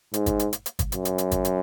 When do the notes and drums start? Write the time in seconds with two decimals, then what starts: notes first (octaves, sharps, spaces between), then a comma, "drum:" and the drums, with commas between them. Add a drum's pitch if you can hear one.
0.14 G#2, drum: hi-hat
0.26 drum: kick G1, hi-hat
0.39 drum: hi-hat
0.53 drum: hi-hat
0.66 drum: hi-hat
0.79 drum: kick G1, hi-hat
0.92 F#2, drum: hi-hat
1.05 drum: hi-hat
1.18 drum: hi-hat
1.31 drum: kick G1, hi-hat
1.45 drum: hi-hat